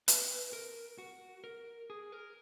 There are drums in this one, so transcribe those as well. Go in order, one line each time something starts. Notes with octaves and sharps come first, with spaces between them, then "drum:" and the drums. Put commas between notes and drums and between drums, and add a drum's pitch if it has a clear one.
B4, drum: hi-hat
A#4
F#4
A#4
G#4
A#4